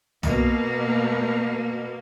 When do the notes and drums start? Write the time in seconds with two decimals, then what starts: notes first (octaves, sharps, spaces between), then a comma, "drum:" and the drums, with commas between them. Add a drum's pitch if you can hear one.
0.23 B2 A#3, drum: tom